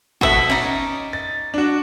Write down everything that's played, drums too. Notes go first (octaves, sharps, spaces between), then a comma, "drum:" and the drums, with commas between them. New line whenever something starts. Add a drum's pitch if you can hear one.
B2 F#4 A4 B4 E5 F#7, drum: kick
C#4 D#4 D5 D#5
A6
D4 F#4